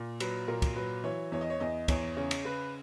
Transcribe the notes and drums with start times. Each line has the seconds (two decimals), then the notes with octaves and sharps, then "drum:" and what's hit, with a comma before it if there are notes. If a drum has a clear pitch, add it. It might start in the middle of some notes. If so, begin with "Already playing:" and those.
Already playing: A#2
0.20 F#3 B4, drum: cymbal
0.48 A#2 A#4
0.62 drum: kick, cymbal
0.76 F#3 B4
1.04 E3 C#5
1.32 E2 C#5
1.41 D#5
1.50 C#5
1.60 E2 D#5
1.88 E2 C#5, drum: kick, cymbal
2.17 C#3 C#5
2.31 drum: cymbal
2.45 C#3 B4